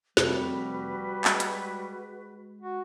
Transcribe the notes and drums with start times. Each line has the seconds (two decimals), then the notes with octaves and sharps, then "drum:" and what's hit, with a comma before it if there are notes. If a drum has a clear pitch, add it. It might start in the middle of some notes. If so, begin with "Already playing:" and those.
0.17 F2 C3 G3 A3 F#4 B4, drum: snare
1.25 G#3, drum: clap
1.40 drum: hi-hat
2.61 F#4